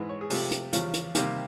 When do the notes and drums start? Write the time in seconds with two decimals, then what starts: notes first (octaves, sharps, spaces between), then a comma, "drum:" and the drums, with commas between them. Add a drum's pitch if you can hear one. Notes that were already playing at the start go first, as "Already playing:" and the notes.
Already playing: G#2 E3 G#3 B4
0.09 C#5
0.21 G#4
0.30 C3 F3 A3 G4, drum: open hi-hat
0.51 drum: hi-hat
0.73 E2 C#3 F3, drum: hi-hat
0.94 drum: hi-hat
1.15 C3 D#3 G3 A#3 G4, drum: hi-hat